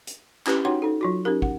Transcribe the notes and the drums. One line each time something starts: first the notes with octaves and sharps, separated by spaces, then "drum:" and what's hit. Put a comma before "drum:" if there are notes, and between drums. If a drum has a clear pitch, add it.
drum: hi-hat
C#4 E4 G4 B4, drum: clap
D#4 F#4 C#5 F#5 G5 C6
D#4 A4
F#3 F4 F#4
C#4 D#4 G4 A#4
F#5, drum: kick